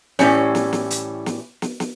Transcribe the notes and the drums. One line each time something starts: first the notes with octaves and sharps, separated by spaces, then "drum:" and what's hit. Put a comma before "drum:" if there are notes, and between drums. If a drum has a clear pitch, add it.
A2 E3 G3 C#4, drum: snare
drum: snare
drum: snare
drum: hi-hat
drum: snare
drum: snare
drum: snare